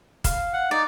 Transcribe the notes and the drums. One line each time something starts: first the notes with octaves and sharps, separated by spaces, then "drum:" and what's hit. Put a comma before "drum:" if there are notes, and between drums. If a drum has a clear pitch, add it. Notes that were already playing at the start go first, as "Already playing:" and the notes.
F5, drum: kick, hi-hat
F#5
D#4 D5